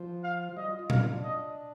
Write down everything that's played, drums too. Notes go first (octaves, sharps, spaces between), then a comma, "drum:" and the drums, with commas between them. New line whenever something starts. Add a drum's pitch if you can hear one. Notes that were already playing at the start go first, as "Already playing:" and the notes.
Already playing: F3
F5
G3 D#5
F4
F4
D#4 F5, drum: tom A#2
F4
D4
D#5